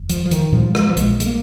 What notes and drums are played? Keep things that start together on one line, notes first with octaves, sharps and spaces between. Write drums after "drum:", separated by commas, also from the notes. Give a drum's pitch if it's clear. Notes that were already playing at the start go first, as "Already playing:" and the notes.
Already playing: F1 D#2
F3, drum: hi-hat
F3
D#3, drum: hi-hat
F3, drum: tom A#2
G#3, drum: rim click
F3
A#1 A#2 G#3, drum: hi-hat
G#3, drum: hi-hat
A#3